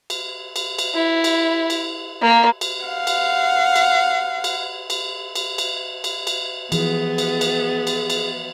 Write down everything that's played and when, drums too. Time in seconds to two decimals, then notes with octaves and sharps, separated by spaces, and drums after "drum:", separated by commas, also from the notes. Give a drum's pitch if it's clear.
0.10 drum: cymbal
0.56 drum: cymbal
0.79 drum: cymbal
0.95 E4
1.24 drum: cymbal
1.70 drum: cymbal
2.21 A#3
2.61 drum: cymbal
2.84 F5 F#5
3.07 drum: cymbal
3.76 drum: cymbal
4.44 drum: cymbal
4.90 drum: cymbal
5.35 drum: cymbal
5.58 drum: cymbal
6.04 drum: cymbal
6.27 drum: cymbal
6.72 E3 F3 B3 G#4, drum: cymbal
7.18 drum: cymbal
7.41 drum: cymbal
7.87 drum: cymbal
8.10 drum: cymbal